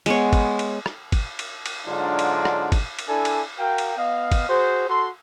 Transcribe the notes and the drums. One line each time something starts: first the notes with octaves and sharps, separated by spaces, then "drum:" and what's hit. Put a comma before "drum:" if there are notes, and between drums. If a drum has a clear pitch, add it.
G#3 B3 C#5, drum: cymbal
drum: kick, cymbal
drum: cymbal
drum: rim click
drum: kick, cymbal
drum: cymbal
drum: cymbal
G#2 D3 F#3 D4 F4
drum: cymbal
drum: rim click
drum: kick, cymbal
drum: cymbal
D4 E4 A4 D5 G#5
drum: cymbal
F#4 A#4 F5 G5
drum: cymbal
B3 D#5 F5
drum: kick, cymbal
F#4 G#4 C5
F#4 A4 C6